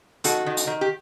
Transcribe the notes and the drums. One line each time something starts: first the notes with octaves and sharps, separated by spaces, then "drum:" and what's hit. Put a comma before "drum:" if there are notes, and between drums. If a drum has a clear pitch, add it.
D#3 F#4 A4, drum: hi-hat
D#3
drum: hi-hat
D#3
G4